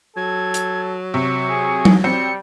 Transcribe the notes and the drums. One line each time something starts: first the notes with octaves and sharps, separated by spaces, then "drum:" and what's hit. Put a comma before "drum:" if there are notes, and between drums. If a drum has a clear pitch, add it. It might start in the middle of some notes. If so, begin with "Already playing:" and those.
F#3 A4 G#6
drum: hi-hat
C3 C#6
G#4
drum: tom F#3
G3 C4 C#7